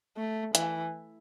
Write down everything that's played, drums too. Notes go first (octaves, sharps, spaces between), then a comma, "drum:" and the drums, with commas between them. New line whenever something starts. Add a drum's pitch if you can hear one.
A3
E3, drum: hi-hat